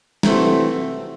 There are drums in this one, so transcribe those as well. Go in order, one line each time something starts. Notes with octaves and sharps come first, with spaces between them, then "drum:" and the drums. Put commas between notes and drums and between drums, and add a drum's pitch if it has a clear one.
C3 E3 A3 C4 F#4, drum: snare